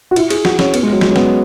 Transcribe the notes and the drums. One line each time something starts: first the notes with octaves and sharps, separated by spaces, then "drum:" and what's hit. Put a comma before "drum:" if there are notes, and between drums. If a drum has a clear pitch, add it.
F#4
E4, drum: cymbal
G#4, drum: cymbal
F#4, drum: snare
C#4, drum: snare
B3, drum: cymbal
G#3
F#3
G#3, drum: snare
C#4
B3, drum: snare